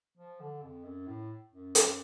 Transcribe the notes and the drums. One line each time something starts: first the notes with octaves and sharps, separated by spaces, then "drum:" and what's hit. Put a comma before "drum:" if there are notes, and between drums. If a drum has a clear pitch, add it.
F3
D3
F2
F#2
A2
F#2
F#2, drum: hi-hat